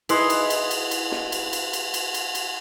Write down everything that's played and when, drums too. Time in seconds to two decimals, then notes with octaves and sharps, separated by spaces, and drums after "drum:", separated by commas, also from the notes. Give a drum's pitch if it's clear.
0.09 E4 G#4 B4 D#5 C6, drum: cymbal
0.30 drum: cymbal
0.50 drum: cymbal
0.71 drum: cymbal
0.91 drum: cymbal
1.12 drum: snare
1.32 drum: cymbal
1.53 drum: cymbal
1.73 drum: cymbal
1.94 drum: cymbal
2.14 drum: cymbal
2.35 drum: cymbal